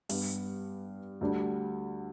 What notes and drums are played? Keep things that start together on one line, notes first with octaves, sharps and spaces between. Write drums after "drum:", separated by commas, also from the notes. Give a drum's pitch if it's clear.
G2 G3 B3, drum: open hi-hat
D2 D3 G3 D4